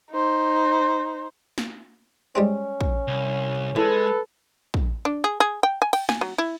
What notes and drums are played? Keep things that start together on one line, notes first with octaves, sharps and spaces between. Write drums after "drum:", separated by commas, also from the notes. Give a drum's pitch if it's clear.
D#4 C5
drum: snare
G3 G#3 C4 C#4
drum: kick
C2
E3 G#3 A4 B4
drum: kick
D4
G#4
G#4
G5
G#5
G5, drum: cymbal
G#5, drum: snare
F#3
E4